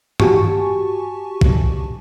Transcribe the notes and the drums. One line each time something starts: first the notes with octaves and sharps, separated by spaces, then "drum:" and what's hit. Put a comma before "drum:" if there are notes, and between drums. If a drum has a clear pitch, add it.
F#4 G4 G#5 A5 C#6, drum: tom G2
drum: kick